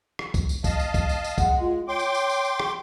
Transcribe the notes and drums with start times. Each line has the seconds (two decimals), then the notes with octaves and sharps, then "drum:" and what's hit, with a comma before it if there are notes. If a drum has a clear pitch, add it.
0.19 drum: rim click
0.34 drum: kick C2, tambourine
0.49 drum: tambourine
0.64 D#5 F5 A5, drum: kick C2, tambourine
0.79 drum: tambourine
0.94 drum: kick C2, tambourine
1.09 drum: tambourine
1.24 drum: tambourine
1.38 G#3 F#5, drum: kick C2, tambourine
1.61 F4
1.88 C#5 G5 C6 D6
1.99 drum: tambourine
2.14 drum: tambourine
2.29 drum: tambourine
2.44 drum: tambourine
2.60 drum: rim click